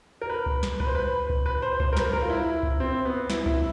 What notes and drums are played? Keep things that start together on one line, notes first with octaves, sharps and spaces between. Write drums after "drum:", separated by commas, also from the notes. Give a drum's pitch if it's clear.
A#4
B4
drum: kick C#2
drum: snare
B4, drum: kick C#2
C5
B4
drum: kick C#2
B4
C5
C5, drum: kick C#2
A#4
B4, drum: snare
A#4, drum: kick C#2
F4
E4
drum: kick C#2
C4
B3
E4, drum: snare
E4, drum: kick C#2